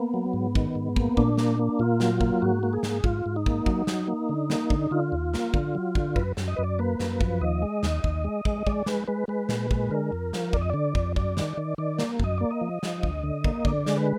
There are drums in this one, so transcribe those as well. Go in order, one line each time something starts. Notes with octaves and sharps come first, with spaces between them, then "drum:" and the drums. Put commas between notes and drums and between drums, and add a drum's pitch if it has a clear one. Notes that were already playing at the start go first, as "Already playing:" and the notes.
Already playing: A#3 B3
F#3
G#2
D#3, drum: kick
G#2
A#3, drum: kick
A#2 D4, drum: kick
A#3, drum: snare
A#3
A#2 F4
F#3, drum: snare
A#3, drum: kick
G#2 F#4
A#3
G#4
G#2, drum: snare
G#2 F4, drum: kick
G#2
D#4
A#3, drum: kick
F#3, drum: kick
F#3, drum: snare
A#3
D3
A#3, drum: snare
D3, drum: kick
D3 F4
D#2
A#3, drum: snare
D3, drum: kick
F#3
D3, drum: kick
F#2 B4, drum: kick
F#2, drum: snare
D#5
F#2 B4
D5
A#3 B4
F#2, drum: snare
F3, drum: kick
D#2 D#5
G#3
D#2, drum: snare
D#2, drum: kick
G#3
G#3, drum: kick
G#3 D5, drum: kick
G#3 B4, drum: snare
G#3 B4
G#3 B4
A#2, drum: snare
G#3, drum: kick
D3 A#4
F2
F3, drum: snare
F2 D5, drum: kick
D#5
D3 D5
F2, drum: kick
F#2 D5, drum: kick
D#3, drum: snare
D#3
D#3 D5
A#3, drum: snare
F#2 D#5, drum: kick
A#3 D5
D#5
F3
F3, drum: snare
D2, drum: kick
D3
A#3, drum: kick
D3 D5, drum: kick
G#3, drum: snare
B4